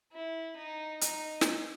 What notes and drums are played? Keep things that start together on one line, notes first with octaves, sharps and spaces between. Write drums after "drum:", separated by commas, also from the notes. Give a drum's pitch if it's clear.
E4
D#4
D#4, drum: hi-hat
drum: snare